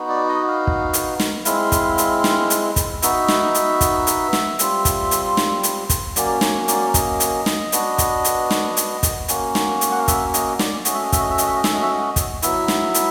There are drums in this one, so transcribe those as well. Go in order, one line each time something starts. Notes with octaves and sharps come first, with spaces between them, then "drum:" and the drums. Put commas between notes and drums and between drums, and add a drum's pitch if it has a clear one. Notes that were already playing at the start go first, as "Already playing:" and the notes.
Already playing: B3 D#4 F#4
D5
D#5
F5
drum: kick
drum: hi-hat
drum: snare
G#3 C4 E4 F5, drum: hi-hat
drum: kick, hi-hat
drum: hi-hat
drum: snare
drum: hi-hat
drum: kick, hi-hat
B3 D#4 F#4 E5, drum: hi-hat
drum: snare
drum: hi-hat
drum: kick, hi-hat
drum: hi-hat
drum: snare
G3 C4 F4, drum: hi-hat
drum: kick, hi-hat
drum: hi-hat
drum: snare
drum: hi-hat
drum: kick, hi-hat
F#3 A#3 C#4 D5, drum: hi-hat
C#5, drum: snare
D5, drum: hi-hat
D#5, drum: kick, hi-hat
drum: hi-hat
drum: snare
B3 D4 F#4, drum: hi-hat
drum: kick, hi-hat
drum: hi-hat
drum: snare
drum: hi-hat
drum: kick, hi-hat
A#3 C#4 F#4, drum: hi-hat
drum: snare
drum: hi-hat
F#5
F5
E5, drum: kick, hi-hat
D#5, drum: hi-hat
D5, drum: snare
A3 C#4 F#4 D#5, drum: hi-hat
E5
D#5
E5, drum: kick, hi-hat
D#5
E5
D#5, drum: hi-hat
E5
D#5
E5, drum: snare
D#5
E5
D#5
drum: kick, hi-hat
F#3 B3 E4 E5, drum: hi-hat
drum: snare
drum: hi-hat